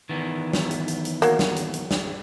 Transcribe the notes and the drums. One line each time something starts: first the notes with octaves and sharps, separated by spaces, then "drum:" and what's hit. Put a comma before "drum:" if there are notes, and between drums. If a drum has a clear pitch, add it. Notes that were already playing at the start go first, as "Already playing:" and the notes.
D#3 E3 B3
drum: snare
drum: hi-hat
drum: hi-hat
drum: hi-hat
F#3 A#3, drum: hi-hat
drum: snare
drum: hi-hat
drum: hi-hat
drum: snare